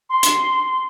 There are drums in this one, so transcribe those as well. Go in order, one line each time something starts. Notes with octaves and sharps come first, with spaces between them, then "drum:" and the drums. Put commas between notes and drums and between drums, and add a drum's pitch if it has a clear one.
C6
drum: hi-hat